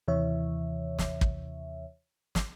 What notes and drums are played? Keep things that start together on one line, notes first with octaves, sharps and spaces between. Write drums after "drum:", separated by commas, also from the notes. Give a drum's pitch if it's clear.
D#2 C3 E3 C#5 E5
drum: snare
drum: kick
drum: snare